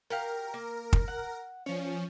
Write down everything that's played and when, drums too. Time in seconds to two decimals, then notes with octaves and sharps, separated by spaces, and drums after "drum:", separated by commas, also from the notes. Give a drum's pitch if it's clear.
0.10 F#4 G4 A#4 F5
0.54 A#3
0.93 drum: kick
1.08 F#5
1.66 F3 C#4 C#5